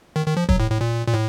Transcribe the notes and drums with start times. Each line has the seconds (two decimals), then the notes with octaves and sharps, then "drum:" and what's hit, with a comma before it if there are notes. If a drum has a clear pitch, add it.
0.16 D#3
0.26 D#3
0.37 F3
0.49 F#3, drum: kick
0.60 A2
0.71 A2
0.81 A#2
1.07 A#2
1.14 A2